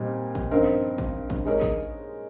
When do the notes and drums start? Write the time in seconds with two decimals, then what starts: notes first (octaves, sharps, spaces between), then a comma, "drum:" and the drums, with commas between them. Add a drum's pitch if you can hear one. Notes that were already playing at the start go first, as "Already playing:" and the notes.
Already playing: A#2 G3 C4 D#4
0.35 drum: kick A1
0.51 G2 F3 C4 D#4 A#4
0.98 drum: kick A1
1.30 drum: kick A1
1.45 G#3 D#4 A#4 C#5
1.61 drum: kick A1